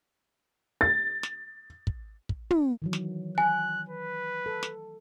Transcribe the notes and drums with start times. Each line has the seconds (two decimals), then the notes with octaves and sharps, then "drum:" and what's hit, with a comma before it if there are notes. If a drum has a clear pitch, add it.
0.81 A6
1.23 drum: snare
1.87 drum: kick
2.29 drum: kick
2.51 drum: tom
2.82 D#3 E3 F#3
2.93 drum: snare
3.38 G#5 F#6
3.89 B4
4.46 A4
4.63 drum: snare